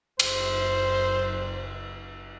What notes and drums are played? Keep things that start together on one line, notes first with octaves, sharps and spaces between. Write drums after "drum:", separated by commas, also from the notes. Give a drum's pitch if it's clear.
F#1 C5, drum: cymbal